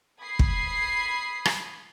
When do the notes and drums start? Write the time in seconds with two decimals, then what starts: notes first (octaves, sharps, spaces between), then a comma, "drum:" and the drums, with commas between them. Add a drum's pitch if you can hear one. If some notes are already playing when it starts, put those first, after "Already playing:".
0.22 B5 D#6 G#6 C7
0.39 drum: kick
1.45 drum: rim click